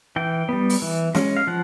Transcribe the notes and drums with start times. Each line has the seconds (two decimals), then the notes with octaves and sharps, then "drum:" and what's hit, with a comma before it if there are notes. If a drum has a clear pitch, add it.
0.16 E3 G5
0.49 G3 B3
0.69 drum: open hi-hat
0.82 E3
1.15 G#3 C#4, drum: snare
1.36 F5
1.47 F3 F#5